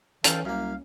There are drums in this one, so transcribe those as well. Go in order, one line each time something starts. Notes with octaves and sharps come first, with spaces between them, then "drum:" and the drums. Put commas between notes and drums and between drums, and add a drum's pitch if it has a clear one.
E3 C#4 A4 F5 G5, drum: hi-hat
C2 F#2 A#3 F5